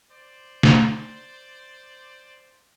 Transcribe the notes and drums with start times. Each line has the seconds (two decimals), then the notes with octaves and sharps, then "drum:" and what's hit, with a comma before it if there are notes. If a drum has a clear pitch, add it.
0.11 C5 D5
0.63 drum: snare